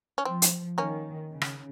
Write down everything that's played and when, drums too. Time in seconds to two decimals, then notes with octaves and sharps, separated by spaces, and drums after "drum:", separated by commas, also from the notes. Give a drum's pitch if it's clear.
0.18 C#4
0.25 F3 C4
0.42 drum: hi-hat
0.78 D#3 A#3 C#4
1.31 C#3
1.42 drum: rim click